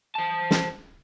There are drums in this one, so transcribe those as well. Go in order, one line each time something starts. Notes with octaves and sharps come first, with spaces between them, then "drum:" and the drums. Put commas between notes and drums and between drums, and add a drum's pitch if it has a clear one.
C5 A5
drum: snare